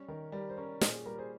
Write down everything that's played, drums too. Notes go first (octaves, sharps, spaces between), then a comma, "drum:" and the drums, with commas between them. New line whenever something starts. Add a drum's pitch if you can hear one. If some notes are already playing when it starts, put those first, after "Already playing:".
Already playing: G3 C#4
D#3 A#4
G3 A#4
C5
C#4 A#4
A#2 G#4 C5, drum: snare
G#4
G3 A#4
G#4 C5